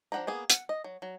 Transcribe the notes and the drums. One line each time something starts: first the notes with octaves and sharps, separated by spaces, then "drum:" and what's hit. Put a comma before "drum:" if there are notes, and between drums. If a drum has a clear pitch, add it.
F3 D4 F#5 G5 A#5
A#3 B3 G#4
F#5, drum: hi-hat
D#5
F#3
F#3